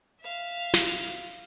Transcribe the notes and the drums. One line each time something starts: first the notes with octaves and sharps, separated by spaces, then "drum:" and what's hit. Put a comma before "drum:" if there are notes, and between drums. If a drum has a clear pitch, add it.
E5 F5
drum: snare